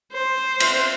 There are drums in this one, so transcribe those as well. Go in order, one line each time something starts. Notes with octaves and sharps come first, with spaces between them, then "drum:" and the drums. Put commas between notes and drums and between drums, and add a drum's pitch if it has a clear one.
C5
drum: cymbal